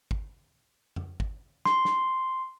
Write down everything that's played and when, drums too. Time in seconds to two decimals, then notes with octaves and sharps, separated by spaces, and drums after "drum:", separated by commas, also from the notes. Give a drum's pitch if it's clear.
0.11 drum: kick
0.96 drum: tom
1.20 drum: kick
1.65 C6, drum: snare
1.85 drum: snare